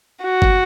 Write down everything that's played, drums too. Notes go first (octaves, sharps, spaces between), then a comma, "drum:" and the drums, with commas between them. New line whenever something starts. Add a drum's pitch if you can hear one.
F#4
drum: kick G1